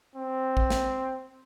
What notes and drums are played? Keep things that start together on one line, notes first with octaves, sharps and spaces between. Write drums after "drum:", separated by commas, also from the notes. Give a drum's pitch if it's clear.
C4
drum: kick A1
drum: snare